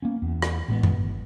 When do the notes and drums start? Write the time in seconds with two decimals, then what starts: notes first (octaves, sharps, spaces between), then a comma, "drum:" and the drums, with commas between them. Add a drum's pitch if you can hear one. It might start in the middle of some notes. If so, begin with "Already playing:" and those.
0.02 A#3 B3 C#4
0.22 E2
0.42 drum: rim click
0.68 A1 A2 G#3 B3
0.83 drum: tom F#2
0.99 G1